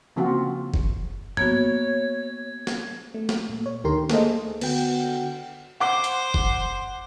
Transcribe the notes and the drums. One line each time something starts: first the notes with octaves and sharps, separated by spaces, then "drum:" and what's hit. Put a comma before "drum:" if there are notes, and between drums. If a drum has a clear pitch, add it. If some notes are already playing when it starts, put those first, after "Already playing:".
C#3 F3 A#3 C4 F4 F#4
drum: kick F1
A#3 B3 F#4 C#5 G#6, drum: tom
drum: snare
A3
drum: snare
A#2
C#5
D2 D3 D#3 G4 A#4 C6
A3 A#3 G#4 A4 C5 D#5, drum: snare
D3 B3 F#4 F#5 G5, drum: cymbal
C5 F#5 D6
drum: hi-hat
drum: kick F1